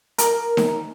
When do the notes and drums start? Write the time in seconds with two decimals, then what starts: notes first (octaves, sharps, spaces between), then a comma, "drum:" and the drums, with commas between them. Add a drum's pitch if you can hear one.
0.18 A#4, drum: hi-hat
0.57 drum: snare D#4